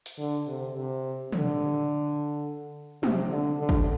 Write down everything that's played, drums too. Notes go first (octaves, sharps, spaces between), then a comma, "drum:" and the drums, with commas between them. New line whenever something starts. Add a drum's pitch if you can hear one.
drum: hi-hat
D3
C3
C3
D3, drum: tom
C3, drum: tom
D3
D3
drum: kick